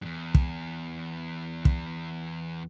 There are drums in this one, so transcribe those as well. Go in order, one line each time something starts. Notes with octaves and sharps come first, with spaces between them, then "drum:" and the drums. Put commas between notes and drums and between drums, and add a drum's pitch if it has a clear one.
E2 G2
drum: kick
drum: kick